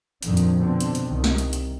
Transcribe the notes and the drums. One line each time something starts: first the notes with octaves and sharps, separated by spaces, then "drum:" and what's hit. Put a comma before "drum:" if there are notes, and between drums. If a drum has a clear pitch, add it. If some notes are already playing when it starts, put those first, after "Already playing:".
F2 A#2 D3 D#3, drum: hi-hat
drum: hi-hat
B2 D3 C4
drum: hi-hat
drum: hi-hat
C2 D#3
drum: snare
drum: hi-hat
drum: hi-hat